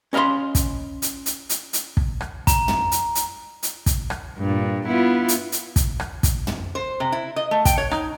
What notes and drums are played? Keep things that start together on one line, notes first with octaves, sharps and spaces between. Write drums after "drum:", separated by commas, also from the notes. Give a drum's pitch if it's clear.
C#4 D#5 F5 B5 C6
drum: kick, hi-hat
drum: hi-hat
drum: hi-hat
drum: hi-hat
drum: hi-hat
drum: kick
drum: rim click
A#5, drum: kick, hi-hat
drum: tom
drum: hi-hat
drum: hi-hat
drum: hi-hat
drum: kick, hi-hat
drum: rim click
G2 A#2
B3 E4 F4
drum: hi-hat
drum: hi-hat
drum: kick, hi-hat
drum: rim click
drum: kick, hi-hat
drum: tom
C5
C3
E4
D#5
A3
G5, drum: kick, hi-hat
C#5
D#4, drum: rim click